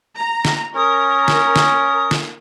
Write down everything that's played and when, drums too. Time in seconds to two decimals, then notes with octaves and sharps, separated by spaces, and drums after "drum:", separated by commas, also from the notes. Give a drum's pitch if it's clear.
0.17 A#5
0.45 drum: snare
0.76 C#4 A#4 D#6
1.28 drum: snare
1.56 drum: snare
2.11 drum: snare